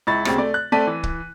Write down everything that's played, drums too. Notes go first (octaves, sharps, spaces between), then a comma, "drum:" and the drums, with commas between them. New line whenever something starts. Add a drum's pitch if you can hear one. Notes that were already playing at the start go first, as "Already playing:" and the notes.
C#2 E4 B5 C#6 A6
D2 C#3 C4 G4 A6, drum: rim click
A3 D5
F#6
A3 C4 D5 A5 B6 D#7
E3
drum: kick